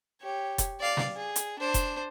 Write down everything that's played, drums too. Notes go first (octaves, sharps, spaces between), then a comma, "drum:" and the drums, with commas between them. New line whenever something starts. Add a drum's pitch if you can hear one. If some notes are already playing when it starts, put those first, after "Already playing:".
G4 C#5
drum: kick F1, hi-hat
D5 F5
drum: snare
G#4
drum: hi-hat
D4 C5
drum: kick F1, hi-hat